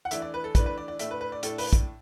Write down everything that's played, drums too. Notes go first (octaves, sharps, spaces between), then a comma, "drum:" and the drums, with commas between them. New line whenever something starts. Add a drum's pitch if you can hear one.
F#5
E3 A3 D4 E5, drum: hi-hat
D5
B4
A4
E3 A3 D4 B4, drum: kick, hi-hat
B4
D5
D5
A2 A3 D4 E5, drum: hi-hat
B4
B4
D5
A2 A3 D4 A4, drum: hi-hat
B4, drum: open hi-hat
drum: kick, hi-hat